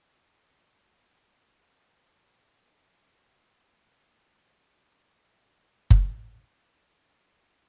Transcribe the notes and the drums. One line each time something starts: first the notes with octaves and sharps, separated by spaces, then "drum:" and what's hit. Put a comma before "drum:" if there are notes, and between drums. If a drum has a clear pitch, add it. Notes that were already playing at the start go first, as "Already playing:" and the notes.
F#3 D#4 F4 E5
G1 F2
drum: kick F#1
C#5
B4